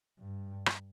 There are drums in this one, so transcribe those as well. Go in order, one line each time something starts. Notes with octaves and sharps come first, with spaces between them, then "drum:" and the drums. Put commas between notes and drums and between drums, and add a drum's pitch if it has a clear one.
G2
drum: rim click